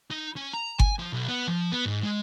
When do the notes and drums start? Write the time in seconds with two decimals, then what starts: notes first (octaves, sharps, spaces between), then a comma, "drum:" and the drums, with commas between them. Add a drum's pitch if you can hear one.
0.11 D#4
0.37 C#4
0.54 A#5
0.80 G#5, drum: kick G1
0.99 F3
1.13 B1
1.28 B3
1.48 F3
1.72 B3
1.86 G#2
2.03 G#3